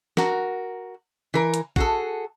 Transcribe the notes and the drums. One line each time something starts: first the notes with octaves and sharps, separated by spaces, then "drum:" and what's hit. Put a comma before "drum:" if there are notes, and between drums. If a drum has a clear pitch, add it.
F#4 A#4, drum: snare
E3 A#4
drum: hi-hat
F#4 G#4 A4, drum: kick